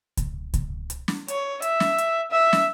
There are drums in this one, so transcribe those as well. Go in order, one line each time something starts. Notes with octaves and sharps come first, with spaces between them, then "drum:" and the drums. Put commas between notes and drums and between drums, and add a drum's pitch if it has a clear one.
drum: kick C#2, hi-hat
drum: kick C#2, hi-hat
drum: hi-hat
drum: snare
C#5, drum: hi-hat
E5, drum: hi-hat
drum: snare
drum: hi-hat
E5
drum: snare